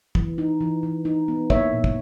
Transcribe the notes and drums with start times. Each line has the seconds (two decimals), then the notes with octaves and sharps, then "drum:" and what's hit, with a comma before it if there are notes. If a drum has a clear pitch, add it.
0.15 E3, drum: kick
0.38 D#4
0.61 E3
0.83 E3
1.05 D#4
1.28 B3
1.50 A#3 C#5 E5, drum: kick
1.73 A#2
1.84 drum: kick